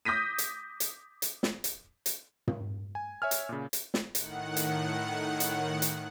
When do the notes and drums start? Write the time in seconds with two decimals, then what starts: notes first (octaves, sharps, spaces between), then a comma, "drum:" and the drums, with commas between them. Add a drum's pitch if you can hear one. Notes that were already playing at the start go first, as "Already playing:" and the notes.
0.05 D6 D#6 G6 A#6 B6 D#7
0.38 drum: hi-hat
0.80 drum: hi-hat
1.22 drum: hi-hat
1.43 drum: snare
1.64 drum: hi-hat
2.06 drum: hi-hat
2.47 drum: tom
2.95 G#5
3.22 C#5 E5 G#5 F6
3.31 drum: hi-hat
3.49 A#2 C#3
3.73 drum: hi-hat
3.94 drum: snare
4.15 A2 D#3 F#5, drum: hi-hat
4.57 drum: hi-hat
5.40 drum: hi-hat
5.82 drum: hi-hat